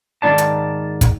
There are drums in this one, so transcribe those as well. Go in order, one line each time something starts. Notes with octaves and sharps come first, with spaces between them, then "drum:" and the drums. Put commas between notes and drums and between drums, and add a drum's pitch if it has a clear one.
G#2 D#3 B3 D#4 D5 A5
drum: hi-hat
drum: kick, hi-hat